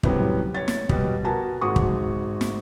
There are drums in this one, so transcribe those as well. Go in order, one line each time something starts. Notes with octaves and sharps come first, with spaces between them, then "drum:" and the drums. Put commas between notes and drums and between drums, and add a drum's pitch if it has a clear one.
A2 C3 F#3 G3 B3 C#4, drum: kick
C#5 A6
drum: snare
B2 G3 B4, drum: kick
B3 F#4 A#4 G#5 A5
G#1 G#3 F#4 C#6 D#6
drum: kick
drum: snare